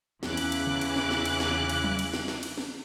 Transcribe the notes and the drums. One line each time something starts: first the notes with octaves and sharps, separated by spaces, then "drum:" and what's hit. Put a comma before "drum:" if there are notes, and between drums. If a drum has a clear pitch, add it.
E2 C#3 E4 D6 F#6, drum: snare
drum: cymbal
drum: cymbal
drum: tom C#3
drum: cymbal
drum: snare
drum: snare
drum: cymbal
drum: snare
drum: cymbal
drum: tom F#3
drum: cymbal
drum: snare
drum: snare
drum: cymbal
drum: snare